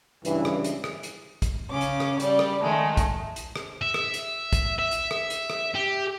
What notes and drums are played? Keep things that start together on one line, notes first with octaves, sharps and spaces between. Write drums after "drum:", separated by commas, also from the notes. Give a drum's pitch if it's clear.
C#2 G2 E3, drum: hi-hat
drum: rim click
drum: hi-hat
drum: rim click
drum: hi-hat
drum: kick, hi-hat
C#3 C#4 D6
drum: hi-hat
drum: rim click
G3 D5, drum: hi-hat
drum: rim click
D#3 G#3 A3
drum: kick, hi-hat
drum: hi-hat
drum: rim click
E5
drum: rim click
drum: hi-hat
drum: kick, hi-hat
E5
drum: hi-hat
drum: rim click
drum: hi-hat
drum: rim click
G4